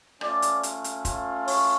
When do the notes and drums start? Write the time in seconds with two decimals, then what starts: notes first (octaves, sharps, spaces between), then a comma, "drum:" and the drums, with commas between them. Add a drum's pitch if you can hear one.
0.21 A3 C#4 F4 D5, drum: rim click
0.42 drum: hi-hat
0.63 drum: hi-hat
0.84 drum: hi-hat
1.05 A3 C#4 F4, drum: kick, hi-hat
1.48 C#5, drum: open hi-hat